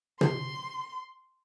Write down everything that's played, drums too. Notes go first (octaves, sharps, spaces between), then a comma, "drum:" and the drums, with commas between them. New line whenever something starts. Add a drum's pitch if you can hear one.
C6, drum: tom